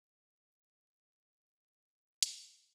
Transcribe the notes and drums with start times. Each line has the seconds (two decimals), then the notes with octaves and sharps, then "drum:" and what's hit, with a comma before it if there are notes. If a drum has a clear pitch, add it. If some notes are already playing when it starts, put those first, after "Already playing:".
0.17 G4 B4
0.52 D4
0.86 F#4 C5 G5
1.20 E4
1.54 G4 B4 F#5
1.89 D4
2.23 A4 E5, drum: hi-hat
2.57 E4